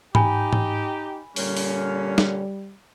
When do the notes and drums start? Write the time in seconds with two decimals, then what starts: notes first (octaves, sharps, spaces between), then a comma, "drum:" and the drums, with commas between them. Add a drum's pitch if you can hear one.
0.15 D#4 G4 G#5 B5, drum: tom G#2
0.53 drum: tom G#2
1.36 A#2 D3 G3 C#4, drum: open hi-hat
1.57 drum: open hi-hat
2.18 drum: snare